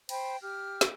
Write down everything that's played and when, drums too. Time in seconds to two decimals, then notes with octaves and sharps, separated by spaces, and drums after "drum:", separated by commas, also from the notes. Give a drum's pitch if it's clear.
0.09 C5 G5 B5, drum: cymbal
0.41 G4 F6
0.81 drum: snare